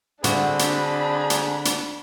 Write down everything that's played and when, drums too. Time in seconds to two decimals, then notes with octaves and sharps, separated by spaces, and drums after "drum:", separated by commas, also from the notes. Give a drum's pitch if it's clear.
0.24 D3 C4 D4 F#4 G#4 B5, drum: hi-hat
0.59 drum: hi-hat
1.30 drum: hi-hat
1.65 drum: hi-hat